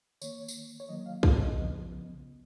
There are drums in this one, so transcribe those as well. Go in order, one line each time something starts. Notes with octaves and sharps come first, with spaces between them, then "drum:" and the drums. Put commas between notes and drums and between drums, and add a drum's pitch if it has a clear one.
D#3 A#3 C#5, drum: tambourine
drum: tambourine
C#5
D#3 F#3 A#3 D#5
F5
F5, drum: kick
D#5
C#3 F3 B3